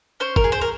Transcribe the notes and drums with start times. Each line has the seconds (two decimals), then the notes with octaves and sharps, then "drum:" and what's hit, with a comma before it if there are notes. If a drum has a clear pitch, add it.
0.20 C#4 C5
0.36 A#4, drum: kick
0.44 G#4
0.52 C5
0.61 A#4